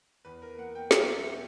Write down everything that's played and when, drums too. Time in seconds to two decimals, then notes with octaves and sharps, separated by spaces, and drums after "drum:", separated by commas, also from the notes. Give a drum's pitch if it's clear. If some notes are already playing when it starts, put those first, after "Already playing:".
0.25 E2 B4
0.42 A#4
0.58 A#3 F#5
0.75 G5
0.91 F#3 E5, drum: snare
1.13 E5
1.25 B2